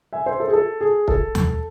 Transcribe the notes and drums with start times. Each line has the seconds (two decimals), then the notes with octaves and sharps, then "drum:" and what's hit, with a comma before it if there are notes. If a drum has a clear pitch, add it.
0.13 E5 G#5
0.26 C5 E5
0.40 A4
0.48 G#4
0.53 A4
0.81 G#4
1.08 A4, drum: kick
1.35 drum: tom D#2